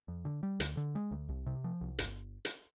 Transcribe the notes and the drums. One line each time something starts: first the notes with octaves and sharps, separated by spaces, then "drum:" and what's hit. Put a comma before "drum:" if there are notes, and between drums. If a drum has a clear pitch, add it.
F2
D3
G3
D2, drum: hi-hat
D3
G#3
D2
C2
C3
F3
C2
G1, drum: hi-hat
drum: hi-hat